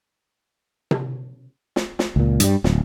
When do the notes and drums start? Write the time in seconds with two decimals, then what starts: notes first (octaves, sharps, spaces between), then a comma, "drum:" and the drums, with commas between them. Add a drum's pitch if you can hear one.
0.91 drum: tom C3
1.76 drum: snare
1.99 drum: snare
2.16 C#2 A#2
2.40 G2 G3, drum: hi-hat
2.64 D1, drum: snare